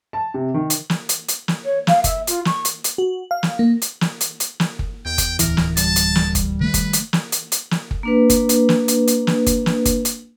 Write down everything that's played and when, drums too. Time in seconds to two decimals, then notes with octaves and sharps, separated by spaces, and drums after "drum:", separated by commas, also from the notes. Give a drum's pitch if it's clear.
0.13 A5
0.34 C3
0.54 D#3
0.70 drum: hi-hat
0.90 drum: snare
1.09 drum: hi-hat
1.29 drum: hi-hat
1.48 drum: snare
1.64 C#5
1.87 F5, drum: snare
2.04 E5, drum: kick, hi-hat
2.27 F4, drum: hi-hat
2.45 C#6, drum: snare
2.65 drum: hi-hat
2.84 drum: hi-hat
2.98 F#4
3.31 F5
3.43 drum: snare
3.59 A#3
3.82 drum: hi-hat
4.01 drum: snare
4.21 drum: hi-hat
4.40 drum: hi-hat
4.60 drum: snare
4.79 drum: kick
5.05 E2 G5
5.18 drum: kick, hi-hat
5.39 D1 E3 A#4, drum: hi-hat
5.57 drum: snare
5.77 G3 A5, drum: hi-hat
5.96 drum: hi-hat
6.15 drum: snare
6.35 drum: kick, hi-hat
6.61 D#3 A3 B4
6.74 drum: kick, hi-hat
6.93 drum: hi-hat
7.13 drum: snare
7.32 drum: hi-hat
7.52 drum: hi-hat
7.71 drum: snare
7.91 drum: kick
8.03 A#3 D4 B4
8.30 drum: kick, hi-hat
8.49 drum: hi-hat
8.69 drum: snare
8.88 drum: hi-hat
9.08 drum: hi-hat
9.27 drum: snare
9.47 drum: kick, hi-hat
9.66 drum: snare
9.86 drum: kick, hi-hat
10.05 drum: hi-hat